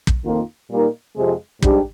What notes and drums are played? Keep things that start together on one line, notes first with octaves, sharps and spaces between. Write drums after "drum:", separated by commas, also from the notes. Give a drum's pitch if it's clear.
drum: kick
F2 D#3 A#3 F4
A#2 G3 A#3 D#4 A#4
F2 C3 F3 G#3
G#2 G3 D4 G4, drum: kick